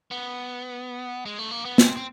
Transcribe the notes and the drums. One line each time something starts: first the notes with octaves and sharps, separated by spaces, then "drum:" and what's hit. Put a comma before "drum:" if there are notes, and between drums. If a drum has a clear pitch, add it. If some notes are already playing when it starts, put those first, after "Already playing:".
B3
G#3
A3
A#3
B3
C4, drum: snare
C4